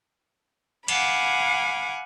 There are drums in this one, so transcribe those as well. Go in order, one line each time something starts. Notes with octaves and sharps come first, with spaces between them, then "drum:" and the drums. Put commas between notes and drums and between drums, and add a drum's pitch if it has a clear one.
F5 F#5 G#5 B5 D6, drum: cymbal